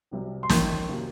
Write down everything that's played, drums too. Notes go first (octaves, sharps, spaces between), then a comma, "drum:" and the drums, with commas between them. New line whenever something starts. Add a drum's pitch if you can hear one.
C2 C3 F#3
C6
F2 D#3 A#3 C#4 C#6, drum: snare
C3 F#3 A#3